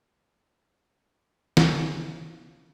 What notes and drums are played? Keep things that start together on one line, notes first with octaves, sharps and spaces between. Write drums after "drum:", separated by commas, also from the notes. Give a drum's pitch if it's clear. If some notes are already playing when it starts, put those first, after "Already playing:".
C#3 F3 F5, drum: snare